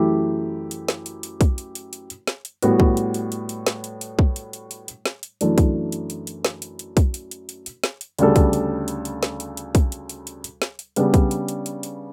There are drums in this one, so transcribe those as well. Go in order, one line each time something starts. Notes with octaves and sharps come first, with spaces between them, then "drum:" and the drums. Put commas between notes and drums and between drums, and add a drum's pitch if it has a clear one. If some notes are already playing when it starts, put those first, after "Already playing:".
Already playing: F#2 E3 A3 E4 G4
drum: hi-hat
drum: snare
drum: hi-hat
drum: hi-hat
drum: kick, hi-hat
drum: hi-hat
drum: hi-hat
drum: hi-hat
drum: hi-hat
drum: snare
drum: hi-hat
A2 G3 B3 F#4, drum: hi-hat
drum: kick
drum: hi-hat
drum: hi-hat
drum: hi-hat
drum: hi-hat
drum: snare
drum: hi-hat
drum: hi-hat
drum: kick
drum: hi-hat
drum: hi-hat
drum: hi-hat
drum: hi-hat
drum: snare
drum: hi-hat
F#2 E3 A3 D4, drum: hi-hat
drum: kick, hi-hat
drum: hi-hat
drum: hi-hat
drum: hi-hat
drum: snare
drum: hi-hat
drum: hi-hat
drum: kick, hi-hat
drum: hi-hat
drum: hi-hat
drum: hi-hat
drum: hi-hat
drum: snare
drum: hi-hat
D2 C#3 G3 D4 A4, drum: hi-hat
drum: kick, hi-hat
drum: hi-hat
drum: hi-hat
drum: hi-hat
drum: snare
drum: hi-hat
drum: hi-hat
drum: kick, hi-hat
drum: hi-hat
drum: hi-hat
drum: hi-hat
drum: hi-hat
drum: snare
drum: hi-hat
C#3 G3 B3 D4, drum: hi-hat
drum: kick, hi-hat
drum: hi-hat
drum: hi-hat
drum: hi-hat
drum: hi-hat